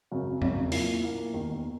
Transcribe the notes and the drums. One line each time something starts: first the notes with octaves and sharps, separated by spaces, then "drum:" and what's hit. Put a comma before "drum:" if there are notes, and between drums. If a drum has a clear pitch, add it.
G#1 F#2 C#3 F#3
G#1 F#2 C#3 F#3, drum: tom E2
A#2 A#3 E4, drum: open hi-hat
A#2 A#3 E4
E1 D#2 D#3